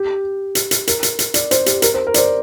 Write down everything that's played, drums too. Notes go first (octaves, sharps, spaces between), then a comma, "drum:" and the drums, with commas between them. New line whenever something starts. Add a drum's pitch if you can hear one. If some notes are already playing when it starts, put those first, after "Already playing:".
Already playing: G4
drum: hi-hat
drum: hi-hat
A#4, drum: hi-hat
drum: hi-hat
drum: hi-hat
D5, drum: hi-hat
C5, drum: hi-hat
G4, drum: hi-hat
A#4, drum: hi-hat
C5
A#4
D5, drum: hi-hat
C5